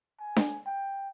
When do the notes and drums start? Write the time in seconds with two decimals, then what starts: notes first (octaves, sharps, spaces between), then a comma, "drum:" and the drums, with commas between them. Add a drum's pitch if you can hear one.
0.20 G#5
0.36 drum: snare D4
0.66 G5